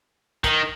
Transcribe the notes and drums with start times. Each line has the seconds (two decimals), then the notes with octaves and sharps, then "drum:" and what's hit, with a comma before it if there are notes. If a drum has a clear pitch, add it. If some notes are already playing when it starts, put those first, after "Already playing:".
0.44 D#3, drum: kick, hi-hat